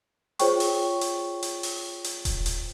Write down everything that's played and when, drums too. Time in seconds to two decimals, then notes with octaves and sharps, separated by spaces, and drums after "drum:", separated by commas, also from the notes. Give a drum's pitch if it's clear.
0.39 F4 G#4 C5 C#5 G5 C#6, drum: hi-hat
0.60 drum: open hi-hat
1.01 drum: hi-hat
1.43 drum: hi-hat
1.63 drum: open hi-hat
2.04 drum: hi-hat
2.25 drum: kick D#1, hi-hat
2.46 drum: hi-hat